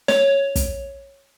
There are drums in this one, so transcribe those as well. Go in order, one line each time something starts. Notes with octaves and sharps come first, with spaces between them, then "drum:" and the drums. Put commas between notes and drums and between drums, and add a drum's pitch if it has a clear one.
C#5, drum: snare
drum: kick, hi-hat